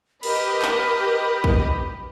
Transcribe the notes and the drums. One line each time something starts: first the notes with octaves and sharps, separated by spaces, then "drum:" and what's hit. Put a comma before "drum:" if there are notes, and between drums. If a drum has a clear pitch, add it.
G4 A#4 B4 D#5 B5, drum: cymbal
drum: clap
drum: kick